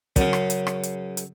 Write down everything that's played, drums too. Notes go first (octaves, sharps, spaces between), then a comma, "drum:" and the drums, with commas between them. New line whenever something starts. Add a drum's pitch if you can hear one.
F#2 C#3, drum: kick, hi-hat
drum: rim click
drum: hi-hat
drum: rim click
drum: hi-hat
drum: hi-hat